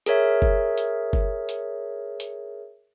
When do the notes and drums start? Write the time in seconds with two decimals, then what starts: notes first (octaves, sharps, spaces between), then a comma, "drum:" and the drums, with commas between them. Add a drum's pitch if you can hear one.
0.06 G#4 A#4 C#5 E5, drum: hi-hat
0.42 drum: kick F#1
0.78 drum: hi-hat
1.13 drum: kick F#1
1.49 drum: hi-hat
2.20 drum: hi-hat